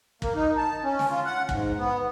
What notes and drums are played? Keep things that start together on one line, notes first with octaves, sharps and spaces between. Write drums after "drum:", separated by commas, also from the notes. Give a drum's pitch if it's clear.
A#3, drum: kick
D#4
A5
C#4
drum: snare
F4
F#5
G#2, drum: kick
B3